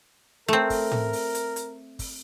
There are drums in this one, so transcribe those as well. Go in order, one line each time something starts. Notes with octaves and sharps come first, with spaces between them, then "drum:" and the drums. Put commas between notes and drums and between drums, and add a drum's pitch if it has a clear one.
A3 C4 A#4
drum: kick, open hi-hat
drum: tom A2
drum: open hi-hat
drum: hi-hat
drum: hi-hat
drum: kick, open hi-hat